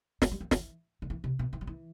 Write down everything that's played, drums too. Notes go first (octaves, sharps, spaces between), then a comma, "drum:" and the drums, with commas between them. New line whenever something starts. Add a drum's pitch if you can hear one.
A3, drum: snare
G3
F#3
E3, drum: snare
D3
E3
C3
B2
E3
F#3
E3